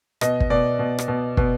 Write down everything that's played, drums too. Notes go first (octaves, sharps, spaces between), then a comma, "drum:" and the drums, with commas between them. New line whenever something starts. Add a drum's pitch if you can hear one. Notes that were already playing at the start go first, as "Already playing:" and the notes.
B2 D#5, drum: rim click
drum: kick
B2 D5
B2
drum: rim click
B2
B2, drum: kick